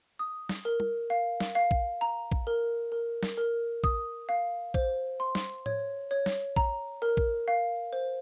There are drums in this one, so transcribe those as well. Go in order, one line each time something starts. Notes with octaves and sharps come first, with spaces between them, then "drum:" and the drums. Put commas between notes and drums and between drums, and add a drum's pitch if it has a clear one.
D#6
drum: snare
A#4
drum: tom
F5
drum: snare
F5
drum: kick A#1
A#5
drum: kick A#1
A#4
A#4
drum: snare
A#4
D#6, drum: kick A#1
F5
C5, drum: kick A#1
C6
drum: snare
C#5, drum: tom A2
C#5
drum: snare
A#5, drum: kick A#1
A#4
drum: kick A#1
F5
C5